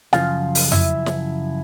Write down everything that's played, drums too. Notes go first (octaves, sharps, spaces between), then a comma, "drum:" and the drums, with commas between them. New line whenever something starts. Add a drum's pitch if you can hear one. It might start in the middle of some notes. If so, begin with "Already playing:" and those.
F#2 C#3 F3 F4 F5, drum: snare
drum: open hi-hat
E4 E5, drum: tom F2
drum: snare